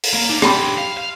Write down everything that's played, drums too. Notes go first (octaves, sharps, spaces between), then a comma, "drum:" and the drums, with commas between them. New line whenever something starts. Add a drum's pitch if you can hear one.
drum: open hi-hat
A#3
D4 D#4 F5
G4 B5 C6, drum: rim click
F5
F5